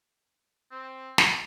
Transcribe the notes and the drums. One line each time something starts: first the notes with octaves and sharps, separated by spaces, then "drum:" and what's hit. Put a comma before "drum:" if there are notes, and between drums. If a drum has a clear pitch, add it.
C4
drum: snare